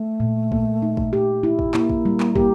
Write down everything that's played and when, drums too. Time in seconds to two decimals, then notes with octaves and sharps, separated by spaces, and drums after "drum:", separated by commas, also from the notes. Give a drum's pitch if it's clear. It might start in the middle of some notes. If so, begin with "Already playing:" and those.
Already playing: A3
0.20 A#2
0.52 A#3, drum: kick
0.82 D#4
0.97 drum: kick
1.13 G4
1.43 E4
1.59 drum: kick
1.74 A#3 E4, drum: clap
1.90 drum: kick
2.05 G3
2.20 drum: clap
2.36 G4, drum: kick